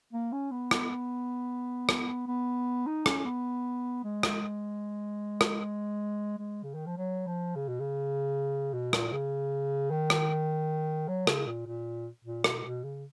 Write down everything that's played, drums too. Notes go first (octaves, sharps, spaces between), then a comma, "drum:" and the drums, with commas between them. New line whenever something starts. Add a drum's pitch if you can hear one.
A#3
C#4
B3
drum: rim click
drum: rim click
B3
D#4
C#4, drum: rim click
B3
G#3
drum: rim click
drum: rim click
G#3
C#3
D#3
F3
F#3
F3
C#3
B2
C#3
B2
A#2, drum: rim click
C#3
D#3
drum: rim click
F#3
C#3, drum: rim click
A#2
A#2
A#2
B2, drum: rim click
B2
C#3